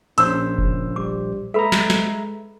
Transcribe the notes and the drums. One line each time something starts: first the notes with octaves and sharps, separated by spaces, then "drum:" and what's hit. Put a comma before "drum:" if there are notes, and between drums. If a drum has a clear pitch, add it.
A#1 C#4 C5 E6, drum: hi-hat
C#3, drum: kick F1
G3 D6
G#3 A4 B4 E5 A#5 B5
drum: snare
drum: snare